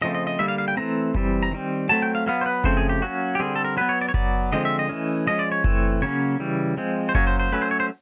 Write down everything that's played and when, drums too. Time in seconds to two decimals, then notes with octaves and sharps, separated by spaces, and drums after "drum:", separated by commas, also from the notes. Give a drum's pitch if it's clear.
0.02 C#3 F3 A3 C4 D#5
0.15 D#5
0.27 D#5
0.39 D3 G3 A#3 E5
0.48 F5
0.58 F5
0.68 G5
0.77 E3 A3 C4 A#5
1.15 E3 G3 C4, drum: kick F#1
1.43 A#5
1.51 D#3 G3 C4
1.89 F#3 A3 C4 A5
2.02 G5
2.15 F5
2.26 F#3 B3 F5
2.41 C5
2.46 B4
2.64 C#3 F3 A3 C4 C5, drum: kick F#1
2.77 G#4
2.89 G4
3.02 F#3 A#3 C#4 F#4
3.35 G4
3.39 D3 G3 C4 G#4
3.56 A4
3.65 A#4
3.77 F#3 B3 B4
3.89 C#5
4.01 D5
4.09 C#5
4.14 F#3 B3 D5, drum: kick F#1
4.52 D3 F3 G#3 C4 D#5
4.65 E5
4.79 D#5
4.89 E3 A3 C#4
5.27 F3 G#3 C#4 D#5
5.39 D5
5.52 C#5
5.64 E3 A3 C4, drum: kick F#1
6.02 C#3 F#3 A#3 C#4 C#5
6.40 C#3 E3 G3
6.77 F3 G#3 C4
7.09 C5
7.15 F#3 A#3 C#4 C#5, drum: kick F#1
7.27 C5
7.40 C5
7.52 F#3 A3 C#4 B4
7.62 C5
7.71 C#5
7.80 C5